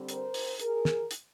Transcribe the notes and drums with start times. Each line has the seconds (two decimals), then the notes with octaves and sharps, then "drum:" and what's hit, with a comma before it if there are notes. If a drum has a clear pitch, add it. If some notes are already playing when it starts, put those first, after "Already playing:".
Already playing: D3 G3 C4
0.09 A#4 C5, drum: hi-hat
0.34 drum: open hi-hat
0.59 G#4 A#4, drum: hi-hat
0.85 drum: snare
1.11 drum: hi-hat